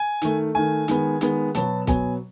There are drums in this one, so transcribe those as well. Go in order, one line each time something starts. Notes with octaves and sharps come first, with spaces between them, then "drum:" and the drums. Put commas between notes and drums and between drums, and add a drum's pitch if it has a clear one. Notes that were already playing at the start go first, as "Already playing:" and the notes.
Already playing: G#5
D#3 A3, drum: hi-hat
D#3 A3 G#5
D#3 G#3 B3, drum: hi-hat
D#3 G#3 B3, drum: hi-hat
B2 F#3 B3 A5, drum: hi-hat
B2 F#3 B3 G#5, drum: kick, hi-hat